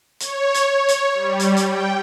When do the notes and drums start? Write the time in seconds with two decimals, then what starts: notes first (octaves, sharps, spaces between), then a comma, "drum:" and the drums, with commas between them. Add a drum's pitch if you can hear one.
0.20 C#5, drum: hi-hat
0.54 drum: hi-hat
0.66 C#5
0.88 drum: hi-hat
1.14 G3
1.40 drum: hi-hat
1.57 drum: hi-hat
1.68 G5